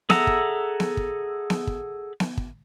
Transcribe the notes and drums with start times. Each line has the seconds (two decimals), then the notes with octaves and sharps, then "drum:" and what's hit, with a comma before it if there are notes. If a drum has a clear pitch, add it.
0.10 G#4 A4 E5 F#5 A#5, drum: snare B3
0.27 drum: kick
0.80 drum: snare B3
0.97 drum: kick
1.50 drum: snare B3
1.67 drum: kick
2.20 drum: snare B3
2.37 drum: kick